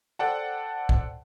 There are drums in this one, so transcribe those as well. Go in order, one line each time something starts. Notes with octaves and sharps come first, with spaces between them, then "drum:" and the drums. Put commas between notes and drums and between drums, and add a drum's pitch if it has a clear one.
A4 C5 D5 F#5 G5 A5
drum: kick